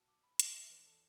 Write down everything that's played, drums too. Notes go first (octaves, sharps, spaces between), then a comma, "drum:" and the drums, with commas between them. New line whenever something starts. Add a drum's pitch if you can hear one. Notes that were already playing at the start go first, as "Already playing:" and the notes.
Already playing: B1 B2 F#4 A5
D6
B5
F#5, drum: hi-hat
E5
E2 E3 D4 B4
A4